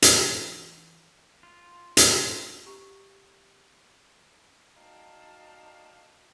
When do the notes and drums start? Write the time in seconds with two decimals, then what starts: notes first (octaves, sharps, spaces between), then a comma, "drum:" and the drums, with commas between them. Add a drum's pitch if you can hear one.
0.02 E3, drum: hi-hat
1.43 F4
1.97 drum: hi-hat
2.66 G4 A#5
4.77 D#4 F#4 D5 F5 G5 A5